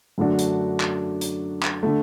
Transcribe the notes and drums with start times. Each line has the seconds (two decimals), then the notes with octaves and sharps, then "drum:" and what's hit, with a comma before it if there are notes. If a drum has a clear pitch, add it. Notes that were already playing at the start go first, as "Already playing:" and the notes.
0.18 F#2 D3 A3 D4 F#4
0.39 drum: hi-hat
0.80 drum: clap
1.21 drum: hi-hat
1.63 drum: clap
1.83 D3 A3